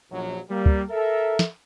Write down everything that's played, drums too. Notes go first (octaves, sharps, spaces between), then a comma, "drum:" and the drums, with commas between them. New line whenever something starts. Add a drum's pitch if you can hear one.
A#1 F#2 F#3
G3 A#3
drum: kick
A4 A#4 E5
drum: snare